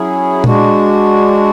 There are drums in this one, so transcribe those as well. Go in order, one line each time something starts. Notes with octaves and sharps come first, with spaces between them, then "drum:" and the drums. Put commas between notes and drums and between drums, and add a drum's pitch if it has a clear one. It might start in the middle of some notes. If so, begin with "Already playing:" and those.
Already playing: F#3 C#4 E4 G#4
G#3 D4 F#4, drum: tom A#2